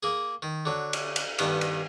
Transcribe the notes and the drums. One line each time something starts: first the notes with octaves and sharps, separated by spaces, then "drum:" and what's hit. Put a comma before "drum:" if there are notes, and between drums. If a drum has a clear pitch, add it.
A#3 G#4
D#3
D3 F#3
drum: cymbal
drum: cymbal
G2 D#3 B3 D#4, drum: cymbal
drum: cymbal